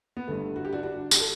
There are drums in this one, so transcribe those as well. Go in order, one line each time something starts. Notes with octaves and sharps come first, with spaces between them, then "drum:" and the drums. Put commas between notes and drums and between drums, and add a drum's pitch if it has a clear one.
B3
G1 G2 D3 A3
F#4
G4
D4 F#4
D4 F#4
G4, drum: tambourine
A4